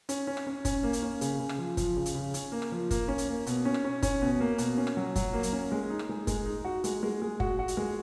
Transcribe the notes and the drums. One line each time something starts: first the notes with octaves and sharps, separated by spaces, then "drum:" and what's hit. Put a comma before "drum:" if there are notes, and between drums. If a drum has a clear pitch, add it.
C#4, drum: hi-hat
C#4
drum: rim click
C#4
C#4, drum: kick F#1, hi-hat
A#3
drum: hi-hat
C#4
C#3, drum: hi-hat
C#3
drum: rim click
F3
F3, drum: kick F#1, hi-hat
C#3
drum: hi-hat
C#3
C#4, drum: hi-hat
A#3
drum: rim click
F3
A#3, drum: kick F#1, hi-hat
C#4
drum: hi-hat
A#3
B2, drum: hi-hat
C#4
drum: rim click
C#4
C#4, drum: kick F#1, hi-hat
B2
A#3
B2, drum: hi-hat
C#4
drum: rim click
F#3
F#3, drum: kick F#1, hi-hat
A#3
drum: hi-hat
C#4
G#3
D#4
drum: rim click
G#3
G#3, drum: kick F#1, hi-hat
D#4
F#4
G#3, drum: hi-hat
G#3
G#3
F#4, drum: kick F#1
F#4
drum: hi-hat
G#3